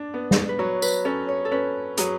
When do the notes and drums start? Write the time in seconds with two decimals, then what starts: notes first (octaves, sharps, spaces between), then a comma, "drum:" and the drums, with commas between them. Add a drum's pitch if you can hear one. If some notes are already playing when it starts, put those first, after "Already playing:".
Already playing: D4 D5
0.14 B3
0.31 drum: snare
0.49 B4
0.59 F#3 C#5
0.82 B4, drum: tambourine
1.05 C#4 A4
1.29 C#5
1.45 A4
1.51 C#4 B4
1.97 F#3 G#4, drum: hi-hat